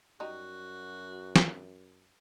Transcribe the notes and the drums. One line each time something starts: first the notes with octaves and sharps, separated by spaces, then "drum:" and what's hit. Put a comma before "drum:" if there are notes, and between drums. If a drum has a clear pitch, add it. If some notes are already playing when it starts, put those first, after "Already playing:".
F#2 G3 D#4 F#4
drum: snare